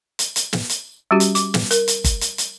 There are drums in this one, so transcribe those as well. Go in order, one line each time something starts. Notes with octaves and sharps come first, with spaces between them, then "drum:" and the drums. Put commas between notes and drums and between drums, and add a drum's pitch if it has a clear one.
drum: hi-hat
drum: hi-hat
drum: snare
drum: hi-hat
G3 C#4 F#4 G4
drum: hi-hat
D6, drum: hi-hat
drum: snare
A#4, drum: hi-hat
drum: hi-hat
drum: kick G1, hi-hat
drum: hi-hat
drum: hi-hat